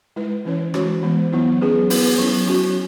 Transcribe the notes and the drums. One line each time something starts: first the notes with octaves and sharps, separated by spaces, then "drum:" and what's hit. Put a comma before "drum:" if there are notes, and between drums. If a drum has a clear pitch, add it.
G#3 E4 B4
E3 C#4 E4 C#5
E3 G#3 C#4 F#4 C#5, drum: rim click
E3 G#3 B3
F#3 B3 E4
F#3 C#4 G#4 B4
B3 E4 B4, drum: open hi-hat
F#3 C#4 E4
F#3 C#4 F#4